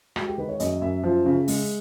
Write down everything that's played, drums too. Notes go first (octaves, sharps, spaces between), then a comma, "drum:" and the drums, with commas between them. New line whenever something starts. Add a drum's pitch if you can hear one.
G#3 F#4, drum: rim click
G4
D#3 B4
C#5
F#2 D#5, drum: hi-hat
F#2 E5
F3
C#3
G#3, drum: open hi-hat